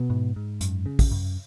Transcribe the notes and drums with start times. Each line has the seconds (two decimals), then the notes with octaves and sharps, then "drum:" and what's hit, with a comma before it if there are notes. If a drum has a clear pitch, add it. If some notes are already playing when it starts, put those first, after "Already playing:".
Already playing: B2 B3
0.10 G#2
0.36 G#2
0.61 F#2, drum: hi-hat
0.86 C#3
0.99 drum: kick, open hi-hat
1.11 F#2